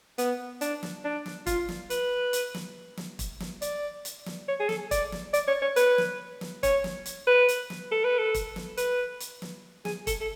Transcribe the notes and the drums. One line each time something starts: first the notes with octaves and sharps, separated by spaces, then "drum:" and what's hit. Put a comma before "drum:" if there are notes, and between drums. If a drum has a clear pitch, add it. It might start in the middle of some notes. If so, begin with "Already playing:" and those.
B3, drum: hi-hat
D4, drum: hi-hat
drum: snare
D4
drum: snare
F4, drum: kick, hi-hat
drum: snare
B4, drum: hi-hat
drum: hi-hat
drum: snare
drum: snare
drum: kick, hi-hat
drum: snare
D5, drum: hi-hat
drum: hi-hat
drum: snare
C#5
G#4
A4, drum: snare
D5, drum: kick, hi-hat
drum: snare
D5, drum: hi-hat
C#5
C#5
B4, drum: hi-hat
drum: snare
drum: snare
C#5, drum: kick, hi-hat
drum: snare
drum: hi-hat
B4
drum: hi-hat
drum: snare
A4
B4
A4
drum: kick, hi-hat
drum: snare
B4, drum: hi-hat
drum: hi-hat
drum: snare
G#4, drum: snare
A4, drum: kick, hi-hat
A4